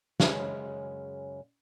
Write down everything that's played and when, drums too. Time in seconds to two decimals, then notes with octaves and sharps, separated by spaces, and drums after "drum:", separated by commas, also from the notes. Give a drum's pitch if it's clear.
0.20 F#2 C#3 G#3 C#4, drum: snare